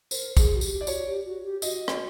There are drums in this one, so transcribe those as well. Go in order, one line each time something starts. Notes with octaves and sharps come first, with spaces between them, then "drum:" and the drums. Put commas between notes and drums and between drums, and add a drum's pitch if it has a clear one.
A#4 C5, drum: tambourine
G#4, drum: kick, tambourine
F#4
G4, drum: tambourine
D5
F#4 C#5, drum: tambourine
G4
F#4
G4
F#4 D#5, drum: tambourine
drum: rim click